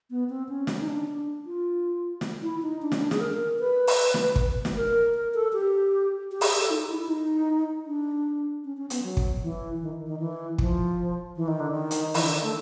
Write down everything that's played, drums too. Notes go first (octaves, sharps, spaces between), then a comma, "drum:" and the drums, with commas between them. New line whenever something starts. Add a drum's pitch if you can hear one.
B3
C4
C#4
drum: snare
D#4
D4
F4
drum: snare
E4
D#4
D4
C#4, drum: snare
D4
G#4, drum: snare
A#4
B4
drum: open hi-hat
drum: snare
drum: kick
drum: snare
A#4
A#4
A4
G4
G4
G#4, drum: open hi-hat
G4
A4
D#4
E4
E4
D#4
D4
C#4
C#4
B3, drum: hi-hat
F#3
drum: kick
E3
D#3
D#3
E3
F3, drum: kick
E3
D#3
D3
D#3
drum: hi-hat
E3, drum: open hi-hat
D3
D#3
A3